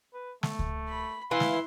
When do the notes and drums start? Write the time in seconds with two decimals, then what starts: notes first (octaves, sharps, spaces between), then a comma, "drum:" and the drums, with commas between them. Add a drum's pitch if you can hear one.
0.14 B4
0.43 A3, drum: snare
0.59 drum: kick C#2
0.89 B5
1.31 E3 E4 F5 C6
1.40 drum: snare